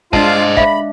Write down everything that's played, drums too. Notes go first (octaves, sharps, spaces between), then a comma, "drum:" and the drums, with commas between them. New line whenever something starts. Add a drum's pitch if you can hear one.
G#3 D4 F4 C5 D#5 F5 A5, drum: kick
E5 F5 B5, drum: kick